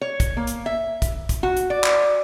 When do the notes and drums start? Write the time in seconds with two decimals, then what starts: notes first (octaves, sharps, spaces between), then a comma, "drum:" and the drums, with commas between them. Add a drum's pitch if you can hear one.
0.01 C#5
0.20 drum: kick, hi-hat
0.37 A#3
0.47 drum: hi-hat
0.66 E5
1.02 drum: kick, hi-hat
1.29 drum: kick, hi-hat
1.43 F#4
1.57 drum: hi-hat
1.70 D5
1.84 drum: clap